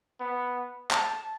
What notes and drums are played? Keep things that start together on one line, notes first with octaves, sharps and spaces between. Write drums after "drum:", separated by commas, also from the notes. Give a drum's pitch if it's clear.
B3
A5, drum: clap